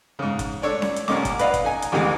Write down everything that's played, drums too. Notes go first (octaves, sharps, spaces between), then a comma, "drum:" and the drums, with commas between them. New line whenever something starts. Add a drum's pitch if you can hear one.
G#2 C#3
drum: kick, hi-hat
A3 D4 A4 C#5 D5
drum: snare C#4
drum: hi-hat
C2 A#3 C#4 D#5 D6, drum: snare C#4
drum: kick, hi-hat
B4 D5 D#5 F5 F#5, drum: hi-hat
drum: kick, hi-hat
D#4 G#5
drum: hi-hat
A1 D2 C3 D#3 E3 G#3